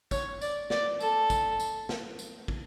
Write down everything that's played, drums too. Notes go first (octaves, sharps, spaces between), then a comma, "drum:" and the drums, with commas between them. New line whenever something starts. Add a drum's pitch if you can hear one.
C#5, drum: kick, tambourine
D5, drum: tambourine
D5, drum: snare
A4, drum: tambourine
drum: kick, tambourine
drum: tambourine
drum: snare
drum: tambourine
drum: kick